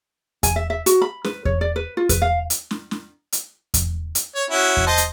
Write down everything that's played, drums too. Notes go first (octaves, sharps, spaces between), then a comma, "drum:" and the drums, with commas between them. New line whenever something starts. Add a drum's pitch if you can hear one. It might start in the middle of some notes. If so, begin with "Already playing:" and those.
G#5, drum: kick E2, hi-hat
E5
E5
F#4, drum: hi-hat
B5
B4, drum: snare
C#5, drum: kick E2
D5
B4
F4
B4, drum: kick E2, hi-hat
F5
drum: hi-hat
drum: snare
drum: snare
drum: hi-hat
drum: kick E2, hi-hat
drum: hi-hat
C#5
C#4 E4 F#4
drum: kick E2
C5 D#5 A5
drum: hi-hat